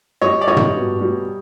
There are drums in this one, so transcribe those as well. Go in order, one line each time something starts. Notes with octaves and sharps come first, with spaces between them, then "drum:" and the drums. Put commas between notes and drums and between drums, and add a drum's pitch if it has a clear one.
G3 C#5 D#5
D5
G3 C#5 D#5
drum: tom
B2
G3